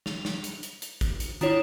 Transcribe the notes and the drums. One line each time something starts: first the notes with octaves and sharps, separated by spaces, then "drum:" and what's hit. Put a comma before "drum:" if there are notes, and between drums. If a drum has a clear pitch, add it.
F7, drum: snare
drum: snare
drum: hi-hat
drum: hi-hat
drum: hi-hat
drum: kick, hi-hat
drum: hi-hat
D#3 D4 E4 F4 C#5 E7, drum: hi-hat